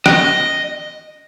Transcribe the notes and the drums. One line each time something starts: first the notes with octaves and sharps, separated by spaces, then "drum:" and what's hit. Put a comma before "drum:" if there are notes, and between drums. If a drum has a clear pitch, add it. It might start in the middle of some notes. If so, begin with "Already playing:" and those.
D#5, drum: rim click